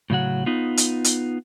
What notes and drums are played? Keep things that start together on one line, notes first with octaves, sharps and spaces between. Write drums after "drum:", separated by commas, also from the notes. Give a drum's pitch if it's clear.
A2 C#3 F#3 F#5
B3 D#4 F4
drum: hi-hat
drum: hi-hat